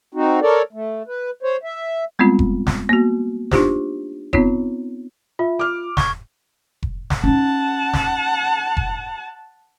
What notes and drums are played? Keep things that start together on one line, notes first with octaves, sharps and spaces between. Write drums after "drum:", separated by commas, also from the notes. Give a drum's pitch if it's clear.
C4 D#4 F#4
A4 A#4 C#5 D5
A3
B4
C5 C#5
E5
G3 G#3 B3 C4 F4
drum: kick F1
drum: snare
A#3 B3 F#4
D4 D#4 F4 G4 C5, drum: snare
B3 C4 D#4 F4 C#5, drum: kick F1
F4 E5
D6 F6
C#6 G#6, drum: snare
drum: kick F1
drum: snare
C#4 D#4 F#5 A5
drum: snare
drum: kick F1